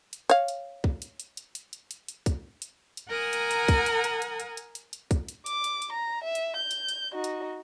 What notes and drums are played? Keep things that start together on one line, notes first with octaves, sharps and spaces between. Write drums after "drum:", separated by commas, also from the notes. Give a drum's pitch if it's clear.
drum: hi-hat
C#5 F5, drum: hi-hat
drum: hi-hat
drum: kick
drum: hi-hat
drum: hi-hat
drum: hi-hat
drum: hi-hat
drum: hi-hat
drum: hi-hat
drum: hi-hat
drum: kick, hi-hat
drum: hi-hat
drum: hi-hat
A#4 F#5 G#5 A#5 D#6
drum: hi-hat
drum: hi-hat
drum: kick, hi-hat
drum: hi-hat
drum: hi-hat
drum: hi-hat
drum: hi-hat
drum: hi-hat
drum: hi-hat
drum: hi-hat
drum: kick, hi-hat
drum: hi-hat
D6, drum: hi-hat
drum: hi-hat
drum: hi-hat
A#5
E5
drum: hi-hat
G6
drum: hi-hat
drum: hi-hat
D#4 F#4
drum: hi-hat